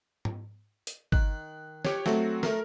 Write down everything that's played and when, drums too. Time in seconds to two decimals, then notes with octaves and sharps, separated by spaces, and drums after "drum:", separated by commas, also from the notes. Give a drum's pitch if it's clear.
0.25 drum: tom G#2
0.87 drum: hi-hat
1.12 D#3 F#6, drum: kick G1
1.85 G4 C#5, drum: snare
2.06 F#3 A3 C4 F#4, drum: snare
2.43 A3 A#4 C6, drum: snare